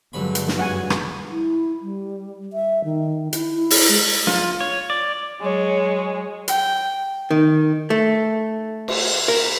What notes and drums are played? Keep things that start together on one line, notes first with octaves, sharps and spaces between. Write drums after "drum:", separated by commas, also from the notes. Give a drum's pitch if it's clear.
C#2 G2 D3 F#3 B5
drum: hi-hat
drum: snare
F#2 F#4 F#5 G#5
drum: rim click
E4
G3
E5
D#3
E4, drum: hi-hat
E4
drum: open hi-hat
G#3
F4, drum: snare
C#5
D5
F#3 G#3 C#5
G5, drum: hi-hat
D#3
A3
drum: cymbal
A#4